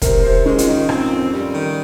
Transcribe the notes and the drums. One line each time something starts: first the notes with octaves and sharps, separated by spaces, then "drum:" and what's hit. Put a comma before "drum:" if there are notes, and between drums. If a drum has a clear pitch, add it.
C3 A#4, drum: kick, hi-hat
C3 C5
G#3 C#4
F4, drum: hi-hat
D#3 D#4
C4, drum: rim click
F2
G3
D#3